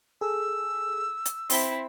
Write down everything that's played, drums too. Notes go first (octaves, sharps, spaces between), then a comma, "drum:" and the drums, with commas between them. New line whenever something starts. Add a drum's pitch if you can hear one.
G#4 A4 E6
drum: hi-hat
C4 E4 C6 B6, drum: open hi-hat